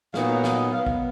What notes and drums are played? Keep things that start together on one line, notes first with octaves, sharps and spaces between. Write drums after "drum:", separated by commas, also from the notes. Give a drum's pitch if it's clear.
A#2 F#3 B3 D#4 F5, drum: snare
F5
F#5
F5, drum: snare
D#5
B2 F#3 B3 F5
F5, drum: kick